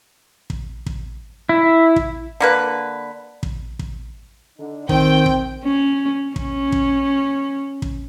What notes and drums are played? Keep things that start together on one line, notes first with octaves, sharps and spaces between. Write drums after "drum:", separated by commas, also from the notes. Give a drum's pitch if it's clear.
drum: kick
drum: kick
E4
drum: kick
D3 A#3 B4
drum: kick
drum: kick
D3 D#4
D#3 C4 G5, drum: kick
drum: kick
C#4
C#4, drum: kick
drum: kick
drum: kick